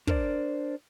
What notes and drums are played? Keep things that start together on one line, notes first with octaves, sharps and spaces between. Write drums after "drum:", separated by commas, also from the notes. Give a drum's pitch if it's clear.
D4 A#4 C5 D5, drum: kick